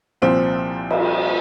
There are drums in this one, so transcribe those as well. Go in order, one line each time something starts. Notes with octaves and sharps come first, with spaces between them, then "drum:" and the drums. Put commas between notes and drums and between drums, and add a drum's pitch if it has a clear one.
C2 A#2 F3 C4
drum: cymbal